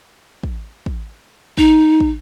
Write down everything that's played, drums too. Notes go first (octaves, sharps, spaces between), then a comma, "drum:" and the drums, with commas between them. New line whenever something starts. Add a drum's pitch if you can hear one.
drum: kick
drum: kick
D#4, drum: kick
drum: kick